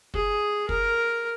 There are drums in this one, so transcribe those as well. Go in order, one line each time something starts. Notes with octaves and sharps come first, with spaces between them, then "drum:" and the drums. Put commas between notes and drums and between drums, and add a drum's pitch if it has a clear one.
G#4, drum: kick
A#4, drum: kick